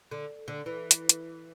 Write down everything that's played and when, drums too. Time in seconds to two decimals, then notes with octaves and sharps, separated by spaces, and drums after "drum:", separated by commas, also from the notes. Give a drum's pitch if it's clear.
0.11 D3
0.48 D3
0.66 E3
0.91 drum: hi-hat
1.09 drum: hi-hat